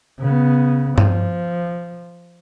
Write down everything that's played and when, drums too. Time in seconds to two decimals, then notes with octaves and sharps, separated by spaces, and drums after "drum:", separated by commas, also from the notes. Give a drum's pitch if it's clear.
0.20 C#3 B3
0.98 F3, drum: tom G2